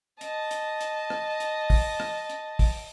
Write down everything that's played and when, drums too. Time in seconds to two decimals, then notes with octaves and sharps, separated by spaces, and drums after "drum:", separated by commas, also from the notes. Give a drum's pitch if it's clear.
0.21 D#5 A5, drum: hi-hat
0.51 drum: hi-hat
0.81 drum: hi-hat
1.10 drum: rim click
1.40 drum: hi-hat
1.70 drum: kick, open hi-hat
2.00 drum: rim click
2.30 drum: hi-hat
2.59 drum: kick, open hi-hat